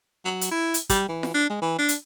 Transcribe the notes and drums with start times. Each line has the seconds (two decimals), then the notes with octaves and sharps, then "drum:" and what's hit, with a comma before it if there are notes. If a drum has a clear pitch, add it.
0.25 F#3
0.41 drum: hi-hat
0.51 E4
0.74 drum: hi-hat
0.89 G3, drum: kick, hi-hat
1.08 E3
1.23 drum: snare F4
1.34 D4
1.50 G#3
1.61 E3
1.78 D4
1.89 drum: hi-hat